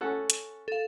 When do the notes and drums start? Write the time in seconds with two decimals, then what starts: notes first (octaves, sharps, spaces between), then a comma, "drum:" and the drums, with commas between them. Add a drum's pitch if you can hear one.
0.01 C#4 A4 F#5
0.30 drum: hi-hat
0.68 A4 F5